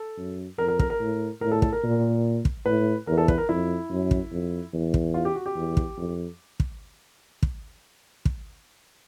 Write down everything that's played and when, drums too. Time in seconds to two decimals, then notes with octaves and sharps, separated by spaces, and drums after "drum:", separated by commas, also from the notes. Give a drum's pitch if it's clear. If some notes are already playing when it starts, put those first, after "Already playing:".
Already playing: A4
0.17 F#2
0.58 F2 A#4
0.68 A#4
0.79 A#4, drum: kick
0.90 A#4
0.99 A2
1.41 A2 A#4
1.52 A4
1.62 A4, drum: kick
1.73 A#4
1.83 A#2
2.45 drum: kick
2.66 A2 B4
3.07 E2 A#4
3.18 A4
3.28 B4, drum: kick
3.38 A#4
3.49 F2 E4
3.91 F#2
4.11 drum: kick
4.32 F2
4.73 E2
4.94 drum: kick
5.14 F4
5.25 G4
5.35 F#4
5.46 G4
5.56 E2
5.77 drum: kick
5.98 F2
6.60 drum: kick
7.43 drum: kick
8.25 drum: kick